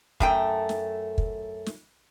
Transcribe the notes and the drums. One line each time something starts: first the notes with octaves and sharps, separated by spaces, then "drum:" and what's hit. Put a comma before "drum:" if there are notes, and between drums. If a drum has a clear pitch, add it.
F#2 A3 G5, drum: kick
drum: snare
drum: kick
drum: snare